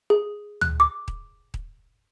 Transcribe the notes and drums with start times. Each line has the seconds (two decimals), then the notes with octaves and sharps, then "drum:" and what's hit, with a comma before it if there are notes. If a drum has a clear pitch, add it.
0.10 G#4
0.61 F#6, drum: tom
0.80 D6
1.08 drum: kick D#1
1.54 drum: kick D#1